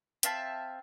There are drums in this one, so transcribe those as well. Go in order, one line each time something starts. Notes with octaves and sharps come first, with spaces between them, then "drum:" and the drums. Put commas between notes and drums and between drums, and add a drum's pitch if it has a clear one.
C4 E5 F5 A5, drum: hi-hat